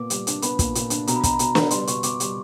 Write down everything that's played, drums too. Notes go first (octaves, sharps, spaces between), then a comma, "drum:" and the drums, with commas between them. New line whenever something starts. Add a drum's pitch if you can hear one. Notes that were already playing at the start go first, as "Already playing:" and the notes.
Already playing: A#2 B3 D6
G3, drum: hi-hat
D4, drum: hi-hat
B3 B5, drum: hi-hat
A#2, drum: kick, hi-hat
A#2, drum: hi-hat
D4, drum: hi-hat
B2 A#5, drum: hi-hat
B5
B2 A#5, drum: kick, hi-hat
B5
B2 A#5, drum: hi-hat
B3, drum: snare
G3 C6, drum: hi-hat
B2 C#6, drum: hi-hat
B2 D6, drum: hi-hat
G3, drum: hi-hat